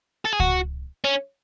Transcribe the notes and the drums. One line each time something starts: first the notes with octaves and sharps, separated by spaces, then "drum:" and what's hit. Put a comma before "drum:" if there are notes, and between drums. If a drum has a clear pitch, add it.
A4
G#4
F#4, drum: kick C#2
C#4